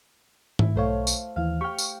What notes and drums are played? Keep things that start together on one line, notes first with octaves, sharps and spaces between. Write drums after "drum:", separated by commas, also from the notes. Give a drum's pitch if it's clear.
E4, drum: tom G#2
B1 A3 A4 C5 C#5 F5
drum: tambourine
D#2 E3 F5
G4 G5 C#6 F6
drum: tambourine